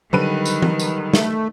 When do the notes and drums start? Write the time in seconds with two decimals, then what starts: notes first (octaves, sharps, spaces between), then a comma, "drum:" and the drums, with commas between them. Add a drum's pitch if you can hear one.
0.13 D3 D#3 F#3 G3 B4 D#7
0.45 drum: tambourine
0.62 drum: tom
0.79 drum: tambourine
1.13 A3, drum: snare